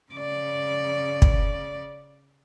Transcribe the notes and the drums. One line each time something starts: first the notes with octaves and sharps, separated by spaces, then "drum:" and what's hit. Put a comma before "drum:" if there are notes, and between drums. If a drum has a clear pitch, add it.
C#3 D5
drum: kick